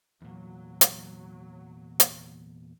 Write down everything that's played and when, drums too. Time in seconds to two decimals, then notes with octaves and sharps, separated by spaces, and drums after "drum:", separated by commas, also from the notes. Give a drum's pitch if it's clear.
0.22 E2 A#2 F#3
0.81 drum: hi-hat
2.00 drum: hi-hat